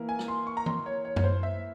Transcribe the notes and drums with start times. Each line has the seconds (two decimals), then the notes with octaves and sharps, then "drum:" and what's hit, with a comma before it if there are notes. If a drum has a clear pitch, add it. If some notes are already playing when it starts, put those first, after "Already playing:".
Already playing: E3 A#3
0.09 G#5
0.19 drum: rim click
0.28 C6
0.47 C#6
0.57 A#5
0.66 C6, drum: tom E3
0.86 C#5
1.05 C#5
1.16 C#5, drum: tom F#2
1.24 C5
1.43 E5